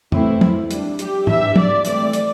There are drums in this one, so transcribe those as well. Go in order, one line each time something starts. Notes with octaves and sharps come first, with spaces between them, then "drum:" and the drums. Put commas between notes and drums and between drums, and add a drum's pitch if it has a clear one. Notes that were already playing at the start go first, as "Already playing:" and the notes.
E3 A3 C4 E4, drum: tom F2
drum: tom
G3 D4, drum: hi-hat
G4, drum: hi-hat
E3 G3 D4 E5, drum: tom G#2
D5, drum: tom
E3 A3 C4 D5, drum: hi-hat
drum: hi-hat